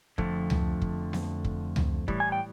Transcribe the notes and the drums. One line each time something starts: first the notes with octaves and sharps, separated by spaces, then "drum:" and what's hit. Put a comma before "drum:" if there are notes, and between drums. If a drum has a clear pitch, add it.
F2 D3 F3 A3, drum: kick
drum: tom C#2
drum: kick
drum: snare B3
drum: kick
drum: tom C#2
A2 E3 G3, drum: kick
G#5
G5